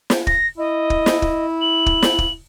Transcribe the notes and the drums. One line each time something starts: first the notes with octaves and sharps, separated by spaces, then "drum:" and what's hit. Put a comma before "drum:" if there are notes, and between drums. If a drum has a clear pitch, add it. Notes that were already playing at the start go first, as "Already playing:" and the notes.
drum: snare
A#6, drum: kick
E4 D#5
drum: kick
drum: snare
drum: kick
F#7
drum: kick
drum: snare
drum: kick